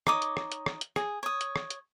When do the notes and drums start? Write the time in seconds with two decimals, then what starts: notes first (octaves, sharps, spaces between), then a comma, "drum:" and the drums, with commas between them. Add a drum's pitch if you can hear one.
0.07 D#4 C#5 D6 D#6, drum: rim click
0.22 drum: hi-hat
0.37 drum: rim click
0.52 drum: hi-hat
0.66 drum: rim click
0.81 drum: hi-hat
0.96 G#4, drum: rim click
1.23 C#5 D#6
1.41 drum: hi-hat
1.56 drum: rim click
1.70 drum: hi-hat